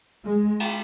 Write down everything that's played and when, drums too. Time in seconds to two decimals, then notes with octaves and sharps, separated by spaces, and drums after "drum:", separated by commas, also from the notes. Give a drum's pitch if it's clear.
0.26 G#3
0.60 drum: cymbal